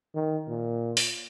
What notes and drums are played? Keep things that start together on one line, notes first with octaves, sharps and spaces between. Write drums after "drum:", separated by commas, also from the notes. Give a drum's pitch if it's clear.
D#3
A#2
drum: open hi-hat